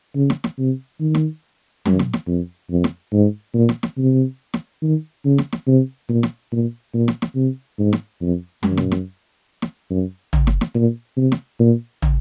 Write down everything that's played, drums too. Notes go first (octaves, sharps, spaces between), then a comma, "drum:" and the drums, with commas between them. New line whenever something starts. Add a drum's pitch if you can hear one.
C#3
drum: snare
drum: snare
C3
D#3
drum: snare
F#2, drum: tom
drum: snare
drum: snare
F2
F2
drum: snare
G#2
A#2
drum: snare
drum: snare
C3
drum: snare
D#3
C#3
drum: snare
drum: snare
C3
A#2
drum: snare
A#2
A#2
drum: snare
drum: snare
C3
G#2
drum: snare
F2
F#2, drum: tom
drum: snare
drum: snare
drum: snare
F#2
drum: tom
drum: snare
drum: snare
A#2
C3
drum: snare
A#2
drum: tom